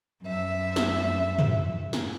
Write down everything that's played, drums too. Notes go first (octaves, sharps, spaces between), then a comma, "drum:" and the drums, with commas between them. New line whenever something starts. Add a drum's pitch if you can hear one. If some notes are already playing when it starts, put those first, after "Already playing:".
F#2 E5
drum: snare
drum: tom
drum: snare